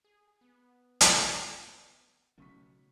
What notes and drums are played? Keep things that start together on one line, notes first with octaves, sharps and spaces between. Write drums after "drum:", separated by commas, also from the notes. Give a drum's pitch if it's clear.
G#4
B3
drum: hi-hat
B1 C#3 A3 C#4 C#6 B6